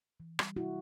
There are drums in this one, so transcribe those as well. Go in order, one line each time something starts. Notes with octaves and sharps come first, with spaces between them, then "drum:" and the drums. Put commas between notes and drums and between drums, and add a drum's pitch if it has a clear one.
E3
G3, drum: rim click
C3 E4 F#4